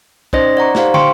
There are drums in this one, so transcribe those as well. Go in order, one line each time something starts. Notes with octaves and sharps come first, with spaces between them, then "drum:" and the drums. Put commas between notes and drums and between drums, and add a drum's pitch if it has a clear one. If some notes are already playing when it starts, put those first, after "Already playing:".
C#4 D#4 C5 D5 D#5 A#6, drum: kick
D5 F#5 A#5 C#6
D#4 G4 C5 F5, drum: snare
F5 G5 C6 C#6 C#7 D7, drum: tom